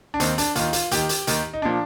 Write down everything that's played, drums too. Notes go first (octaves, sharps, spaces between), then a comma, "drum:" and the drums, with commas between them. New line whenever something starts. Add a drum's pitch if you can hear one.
D4
D#2 D#3 C4, drum: hi-hat
D4, drum: hi-hat
D#2 D#3 F4, drum: hi-hat
F4, drum: hi-hat
D#2 D#3 G4, drum: hi-hat
drum: hi-hat
D#2 D#3, drum: hi-hat
D#4
A#2 F3 D4